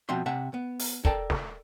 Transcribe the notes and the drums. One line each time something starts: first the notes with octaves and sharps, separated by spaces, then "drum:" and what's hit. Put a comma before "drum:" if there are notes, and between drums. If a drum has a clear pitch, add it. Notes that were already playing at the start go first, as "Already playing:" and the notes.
B2 F3 C4 E5 C6
C3 E5 F#5 A5
B3
drum: open hi-hat
A4 A#4 D5 G5 A5, drum: kick
drum: snare